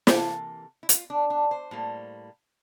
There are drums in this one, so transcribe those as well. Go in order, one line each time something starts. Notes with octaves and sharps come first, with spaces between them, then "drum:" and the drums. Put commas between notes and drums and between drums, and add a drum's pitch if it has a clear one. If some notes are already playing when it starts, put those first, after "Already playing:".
C3 E3 A#3 A4, drum: snare
E4
F4, drum: hi-hat
D4
D4
C5
A2 G3 A#3